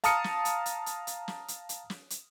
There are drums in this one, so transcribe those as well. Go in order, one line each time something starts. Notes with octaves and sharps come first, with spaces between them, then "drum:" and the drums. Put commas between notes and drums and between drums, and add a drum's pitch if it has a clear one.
F5 A5 A#5 D#6 F6 C#7, drum: hi-hat
drum: snare
drum: hi-hat
drum: hi-hat
drum: hi-hat
drum: hi-hat
drum: snare
drum: hi-hat
drum: hi-hat
drum: snare
drum: hi-hat